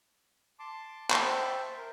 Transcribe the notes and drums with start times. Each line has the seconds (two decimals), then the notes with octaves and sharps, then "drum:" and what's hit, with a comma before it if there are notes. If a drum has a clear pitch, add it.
0.59 A5 C6 D6
1.11 drum: clap
1.21 C5 E5 G5 A5
1.77 A#4